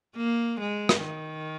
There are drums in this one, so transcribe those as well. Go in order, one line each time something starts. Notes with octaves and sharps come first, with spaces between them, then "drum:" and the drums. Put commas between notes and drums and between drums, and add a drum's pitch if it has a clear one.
A#3
G#3
drum: rim click
D#3